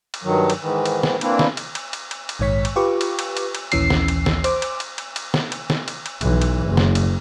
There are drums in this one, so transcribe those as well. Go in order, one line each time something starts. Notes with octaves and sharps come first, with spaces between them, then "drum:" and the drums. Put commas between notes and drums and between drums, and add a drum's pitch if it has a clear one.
drum: cymbal
G2 D#3 F#3
drum: cymbal
G#2 D#3 E3
drum: cymbal
drum: snare
E3 A#3 C4 D4 E4, drum: cymbal
drum: snare
drum: cymbal
drum: cymbal
drum: cymbal
drum: cymbal
drum: cymbal
A#1 G#2 D#3 C#5 C#6 B6
drum: cymbal
F4 G4 B4 C#6 D6
drum: cymbal
drum: cymbal
drum: cymbal
drum: cymbal
A#1 D#2 E3 C#4 E6 C7, drum: cymbal
drum: snare
drum: cymbal
drum: snare
C5 D6, drum: cymbal
drum: cymbal
drum: cymbal
drum: cymbal
drum: cymbal
drum: snare
drum: cymbal
drum: snare
drum: cymbal
drum: cymbal
B1 E3, drum: cymbal
drum: cymbal
F#1
drum: snare
drum: cymbal